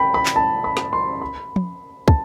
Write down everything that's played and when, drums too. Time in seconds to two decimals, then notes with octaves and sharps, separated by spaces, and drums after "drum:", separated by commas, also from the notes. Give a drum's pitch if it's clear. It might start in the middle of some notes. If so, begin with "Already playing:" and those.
Already playing: G5 B5
0.14 B5
0.26 drum: clap
0.36 A5
0.64 B5
0.77 drum: snare
0.93 C6
1.22 B5
1.56 drum: tom
2.08 A5, drum: kick